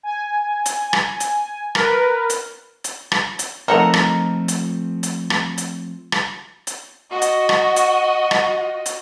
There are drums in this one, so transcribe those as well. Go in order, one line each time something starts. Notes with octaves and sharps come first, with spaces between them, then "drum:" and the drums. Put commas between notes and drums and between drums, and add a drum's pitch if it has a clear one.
G#5
drum: hi-hat
drum: rim click
drum: hi-hat
A#4 B4, drum: rim click
drum: hi-hat
drum: hi-hat
drum: rim click
drum: hi-hat
F3 A3 C4 D#4 A4 A#4 F#5 A#5
drum: rim click
drum: hi-hat
drum: hi-hat
drum: rim click
drum: hi-hat
drum: rim click
drum: hi-hat
F#4 D#5
drum: hi-hat
drum: rim click
drum: hi-hat
drum: rim click
drum: hi-hat